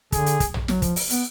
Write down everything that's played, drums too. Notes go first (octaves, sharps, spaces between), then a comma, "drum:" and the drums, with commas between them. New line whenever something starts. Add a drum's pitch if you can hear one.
D3 G#4, drum: kick, hi-hat
drum: hi-hat
drum: kick, hi-hat
drum: tom
F#3, drum: snare
F3, drum: kick, hi-hat
drum: open hi-hat
B3, drum: hi-hat